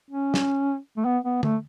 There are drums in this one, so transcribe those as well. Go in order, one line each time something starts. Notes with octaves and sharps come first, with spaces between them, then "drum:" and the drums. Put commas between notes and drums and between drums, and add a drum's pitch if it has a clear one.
C#4
drum: snare
A3
B3
B3
A3, drum: tom